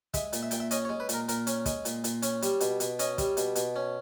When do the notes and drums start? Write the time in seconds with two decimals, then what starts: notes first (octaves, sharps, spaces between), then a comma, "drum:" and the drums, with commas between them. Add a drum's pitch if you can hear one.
0.14 G#3 E5, drum: kick, hi-hat
0.33 A#2, drum: hi-hat
0.43 E5
0.51 A#2 G5, drum: hi-hat
0.60 E5
0.71 C#4 D#5, drum: hi-hat
0.85 C#5
0.89 G#3
1.00 B4
1.09 A#2 A#4, drum: hi-hat
1.29 A#2 A#4, drum: hi-hat
1.47 C#4, drum: hi-hat
1.66 G#3, drum: kick, hi-hat
1.85 A#2, drum: hi-hat
2.04 A#2, drum: hi-hat
2.22 C#4, drum: hi-hat
2.42 G3, drum: hi-hat
2.60 B2, drum: hi-hat
2.80 B2, drum: hi-hat
2.99 C#4 D#5, drum: hi-hat
3.18 G3, drum: kick, hi-hat
3.37 B2, drum: hi-hat
3.56 B2, drum: hi-hat
3.76 C#4